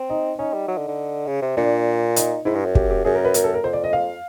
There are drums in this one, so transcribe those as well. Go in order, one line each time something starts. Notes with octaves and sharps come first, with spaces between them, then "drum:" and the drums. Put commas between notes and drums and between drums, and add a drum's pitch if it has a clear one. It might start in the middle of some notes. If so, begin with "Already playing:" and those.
Already playing: C4
D#4
C#4 D#4
G3
F#3
D3
D3
C#3
C3
A#2 D4
D#4, drum: hi-hat
G#2 E4
G2
F#2
G4, drum: kick
G4
F#2 G#4
A#4
B4
A#4, drum: hi-hat
A4
A#4
F2 C5
D5
D#5
F5